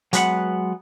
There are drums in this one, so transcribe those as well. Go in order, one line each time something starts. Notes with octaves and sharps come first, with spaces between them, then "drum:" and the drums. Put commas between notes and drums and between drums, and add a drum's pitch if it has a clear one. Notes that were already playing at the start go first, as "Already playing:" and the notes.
F#3 G#3 B3 B4 C#5 F#5, drum: hi-hat